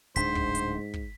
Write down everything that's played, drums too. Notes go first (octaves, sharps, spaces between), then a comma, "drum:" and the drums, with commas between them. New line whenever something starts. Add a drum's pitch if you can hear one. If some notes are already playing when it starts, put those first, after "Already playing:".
D1 D2 G#2 D4 C5 B6, drum: hi-hat
drum: kick
drum: hi-hat
drum: kick